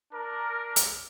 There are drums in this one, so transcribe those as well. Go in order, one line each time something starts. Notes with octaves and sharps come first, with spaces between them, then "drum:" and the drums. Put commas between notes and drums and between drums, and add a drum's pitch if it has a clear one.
D4 A#4
drum: hi-hat